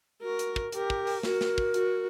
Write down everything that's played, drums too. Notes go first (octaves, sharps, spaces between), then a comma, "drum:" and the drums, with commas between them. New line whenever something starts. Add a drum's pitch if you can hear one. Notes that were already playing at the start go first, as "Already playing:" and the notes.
F#4 A#4
drum: hi-hat
drum: kick
G4 A#4, drum: hi-hat
drum: kick
drum: open hi-hat
F#4 A#4, drum: snare
drum: snare
drum: kick
F#4, drum: hi-hat